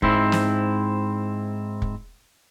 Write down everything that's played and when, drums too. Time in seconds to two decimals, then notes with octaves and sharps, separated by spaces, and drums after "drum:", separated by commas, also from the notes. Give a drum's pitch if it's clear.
0.02 G#2 C4 E4, drum: kick
0.32 drum: snare
1.82 drum: kick